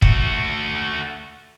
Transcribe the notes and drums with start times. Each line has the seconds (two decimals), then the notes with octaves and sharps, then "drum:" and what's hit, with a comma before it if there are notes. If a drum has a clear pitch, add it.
0.02 A3 F#4, drum: kick